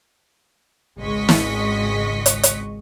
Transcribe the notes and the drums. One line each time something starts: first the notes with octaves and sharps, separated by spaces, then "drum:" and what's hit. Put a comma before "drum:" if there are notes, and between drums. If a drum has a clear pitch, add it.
G#1 C#2 G#3 D#5 C#6 B6
drum: snare
drum: hi-hat
drum: hi-hat